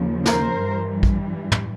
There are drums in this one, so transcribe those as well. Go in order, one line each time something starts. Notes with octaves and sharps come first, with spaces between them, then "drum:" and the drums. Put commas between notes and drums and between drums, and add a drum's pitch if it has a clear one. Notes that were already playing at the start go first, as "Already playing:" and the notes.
Already playing: D#2 C#3 F3
A#4 C5, drum: snare
G2 E3 G3
drum: kick
drum: tom